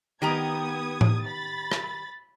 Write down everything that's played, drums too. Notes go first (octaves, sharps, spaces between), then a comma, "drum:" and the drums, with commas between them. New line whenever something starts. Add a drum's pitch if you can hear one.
D#3 B3 G4 A#5 D#6 G#6
drum: tom A2
B5 A6
drum: rim click